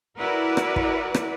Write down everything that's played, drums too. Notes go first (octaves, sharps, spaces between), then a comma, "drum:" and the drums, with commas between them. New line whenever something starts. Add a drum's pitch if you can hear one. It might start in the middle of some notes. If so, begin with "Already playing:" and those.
E4 F#4 A#4 B4 D5
drum: rim click
drum: kick
drum: rim click